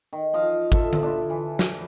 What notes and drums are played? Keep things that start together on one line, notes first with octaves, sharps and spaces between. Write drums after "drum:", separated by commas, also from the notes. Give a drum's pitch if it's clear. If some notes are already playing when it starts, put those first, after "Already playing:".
D#3
F3 D#5 F5
A4 E5, drum: kick G#1
drum: tom D3
D4 E4 F4
E3
drum: snare